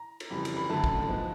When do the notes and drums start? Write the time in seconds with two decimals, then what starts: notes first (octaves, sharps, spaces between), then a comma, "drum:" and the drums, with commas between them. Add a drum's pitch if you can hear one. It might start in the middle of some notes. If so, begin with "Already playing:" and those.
Already playing: A#5
0.20 drum: cymbal
0.30 F2 C#3 E3 G3 B5
0.45 drum: cymbal
0.56 B5
0.69 F#2 D3 F#3 A3 A5
0.84 drum: kick
1.08 G#2 F3 G#3 B3